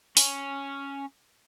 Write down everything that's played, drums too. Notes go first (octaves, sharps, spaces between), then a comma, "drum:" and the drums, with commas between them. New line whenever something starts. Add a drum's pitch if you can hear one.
C#4, drum: open hi-hat